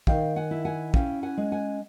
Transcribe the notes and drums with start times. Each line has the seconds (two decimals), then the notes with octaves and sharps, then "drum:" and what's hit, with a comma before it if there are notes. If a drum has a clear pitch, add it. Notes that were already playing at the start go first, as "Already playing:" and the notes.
0.07 D#3 F5 G5, drum: kick
0.36 F#5 G#5
0.51 E4
0.65 F#5 G#5
0.94 C#4 F5 G5, drum: kick
1.23 F#5 G#5
1.37 G#3
1.51 F#5 G#5